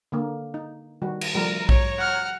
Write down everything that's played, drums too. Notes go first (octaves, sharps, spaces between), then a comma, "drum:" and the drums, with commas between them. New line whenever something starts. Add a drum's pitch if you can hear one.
D3 A#3
D#4
D#3 G3 F#4
drum: cymbal
F3 G3 A3 A#4
C#5 A#5, drum: kick A#1
F#5 F6